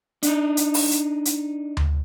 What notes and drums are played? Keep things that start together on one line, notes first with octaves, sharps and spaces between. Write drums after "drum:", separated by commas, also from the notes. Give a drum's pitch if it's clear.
D4 D#4, drum: hi-hat
drum: hi-hat
drum: open hi-hat
drum: hi-hat
drum: hi-hat
drum: tom D2